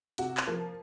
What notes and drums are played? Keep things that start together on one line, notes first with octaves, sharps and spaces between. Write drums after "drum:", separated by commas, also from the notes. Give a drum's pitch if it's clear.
C3 F#4, drum: hi-hat
drum: clap
F3 A#3